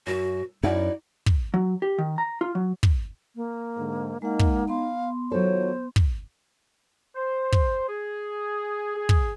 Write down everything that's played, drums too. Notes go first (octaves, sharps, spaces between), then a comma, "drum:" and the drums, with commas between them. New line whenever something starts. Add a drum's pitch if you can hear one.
F#2 F#4
F#2 D#4 E4 F#4 D5
drum: kick
F#3
G4
D#3
A#5
F4
F#3
drum: kick
A#3
G#2 D3
G#3 A#3 D#4 F#5
drum: kick
B3 F5 C6
D#3 F#3 F4 A4 C5 C#5
drum: kick
C5
drum: kick
G#4
G#4
drum: kick